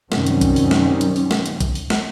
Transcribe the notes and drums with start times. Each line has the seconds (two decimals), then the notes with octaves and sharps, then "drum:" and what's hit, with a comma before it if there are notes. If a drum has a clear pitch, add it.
0.12 F#2 C3 D#3 G3 C4 C#4, drum: snare
0.27 drum: hi-hat
0.41 drum: kick B1, hi-hat
0.56 drum: open hi-hat
0.71 drum: snare
1.01 drum: hi-hat
1.16 drum: open hi-hat
1.31 drum: snare
1.46 drum: hi-hat
1.61 drum: kick B1, hi-hat
1.75 drum: open hi-hat
1.90 drum: snare